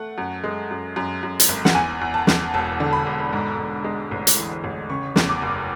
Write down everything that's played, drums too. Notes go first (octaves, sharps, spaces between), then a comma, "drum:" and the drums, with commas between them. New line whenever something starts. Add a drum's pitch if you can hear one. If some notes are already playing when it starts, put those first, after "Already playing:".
Already playing: A3 F#5
F#2
G#3
F#2
F#2
F#2
drum: hi-hat
G#1
F#5, drum: snare
E2 G#5
E2
A5
E2, drum: snare
E1 A5
D3
B5
E1
G#2
G#2
G#3
A1
drum: hi-hat
E3
A1
C#3 C#6
E2, drum: snare
D6
F#1